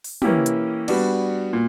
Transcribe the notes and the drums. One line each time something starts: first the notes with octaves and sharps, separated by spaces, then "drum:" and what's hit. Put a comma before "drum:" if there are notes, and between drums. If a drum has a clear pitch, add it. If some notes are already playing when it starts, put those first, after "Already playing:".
drum: open hi-hat
E3 A#3 C#4 E4 G4, drum: tom
drum: hi-hat
G3 B3 D4 F#4, drum: cymbal
A#2